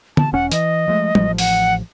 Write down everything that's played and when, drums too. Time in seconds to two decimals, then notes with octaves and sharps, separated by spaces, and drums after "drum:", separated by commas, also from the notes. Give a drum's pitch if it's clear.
0.17 A5, drum: tom
0.33 E1 C#4 F#5
0.52 E3 D#5, drum: hi-hat
0.88 F3 G#3 A3
1.15 A1 F3, drum: tom
1.38 F#5, drum: open hi-hat